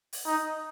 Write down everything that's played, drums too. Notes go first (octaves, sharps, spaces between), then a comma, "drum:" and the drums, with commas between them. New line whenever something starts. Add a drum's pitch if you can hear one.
drum: open hi-hat
D#4